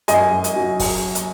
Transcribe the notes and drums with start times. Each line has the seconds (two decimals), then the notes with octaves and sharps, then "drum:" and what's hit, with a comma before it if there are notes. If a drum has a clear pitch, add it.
0.08 F#2 D#5 G#5, drum: hi-hat
0.32 F#2
0.44 drum: hi-hat
0.56 F#3
0.80 drum: kick, open hi-hat
1.15 drum: hi-hat